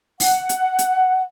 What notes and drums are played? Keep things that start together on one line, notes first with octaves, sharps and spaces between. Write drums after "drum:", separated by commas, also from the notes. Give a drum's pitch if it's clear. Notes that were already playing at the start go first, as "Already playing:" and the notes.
F#5, drum: open hi-hat
drum: hi-hat
drum: hi-hat